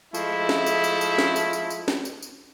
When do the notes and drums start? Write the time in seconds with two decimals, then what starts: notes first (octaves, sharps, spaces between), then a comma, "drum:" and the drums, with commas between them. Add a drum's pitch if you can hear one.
0.14 F3 G#3 A3 E4, drum: tambourine
0.49 drum: snare
0.66 drum: tambourine
0.84 drum: tambourine
1.01 drum: tambourine
1.18 drum: snare
1.36 drum: tambourine
1.53 drum: tambourine
1.70 drum: tambourine
1.88 drum: snare
2.05 drum: tambourine
2.23 drum: tambourine